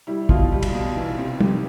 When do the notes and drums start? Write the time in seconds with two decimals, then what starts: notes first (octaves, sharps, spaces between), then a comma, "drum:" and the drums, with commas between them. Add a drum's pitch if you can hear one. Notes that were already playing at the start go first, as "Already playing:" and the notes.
0.07 G3 E4
0.29 B2 F4, drum: kick
0.52 G3
0.63 drum: cymbal
0.74 B2
0.97 E3
1.18 C3
1.40 C3 G4, drum: tom